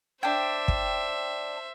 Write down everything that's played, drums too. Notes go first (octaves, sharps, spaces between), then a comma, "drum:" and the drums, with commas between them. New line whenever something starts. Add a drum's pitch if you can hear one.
D4 C5 E5 G5
drum: kick